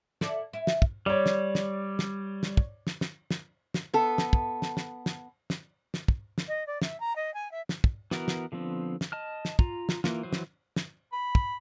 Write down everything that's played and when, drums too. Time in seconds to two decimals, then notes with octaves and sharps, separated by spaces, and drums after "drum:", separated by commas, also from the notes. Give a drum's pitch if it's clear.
0.21 E4 A4 D5, drum: snare
0.53 E4
0.67 drum: snare
0.82 drum: kick
1.06 G3 C#5 D5
1.26 drum: snare
1.55 drum: snare
1.99 drum: snare
2.43 drum: snare
2.57 drum: kick
2.87 drum: snare
3.01 drum: snare
3.31 drum: snare
3.74 drum: snare
3.94 B3 A4
4.18 drum: snare
4.33 drum: kick
4.62 drum: snare
4.77 drum: snare
5.06 drum: snare
5.50 drum: snare
5.94 drum: snare
6.08 drum: kick
6.38 drum: snare
6.48 D#5
6.66 D5
6.82 E5, drum: snare
7.00 A#5
7.15 D#5
7.34 G#5
7.51 E5
7.69 drum: snare
7.84 drum: kick
8.11 E3 B3 F#4 A#4, drum: snare
8.28 drum: snare
8.52 D3 F3 B3 C4
9.01 drum: snare
9.12 D#5 A5 F6
9.45 drum: snare
9.59 F4 A#5, drum: kick
9.89 drum: snare
10.04 E3 A#3 F4, drum: snare
10.23 E3 F#3 C5
10.33 drum: snare
10.76 drum: snare
11.13 B5
11.35 drum: kick